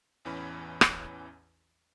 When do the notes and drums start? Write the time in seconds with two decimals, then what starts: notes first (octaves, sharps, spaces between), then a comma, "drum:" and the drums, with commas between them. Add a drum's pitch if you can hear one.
0.25 A1 E2 E3 C#4 B5
0.81 drum: rim click